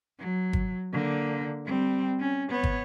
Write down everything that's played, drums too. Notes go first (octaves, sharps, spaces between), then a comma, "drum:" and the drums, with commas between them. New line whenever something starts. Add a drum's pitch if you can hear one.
F#3
drum: kick
D3 A#3
G3 C4
C#4
B3 C#5
drum: kick